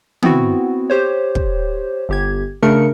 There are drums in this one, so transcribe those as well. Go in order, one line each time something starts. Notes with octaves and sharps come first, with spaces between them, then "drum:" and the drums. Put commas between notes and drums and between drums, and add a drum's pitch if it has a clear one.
B3 C4 E4 F#4, drum: tom
G4 C5 C#5
drum: kick
G1 G4 G#6
C#3 A3 D4 A#4 C#7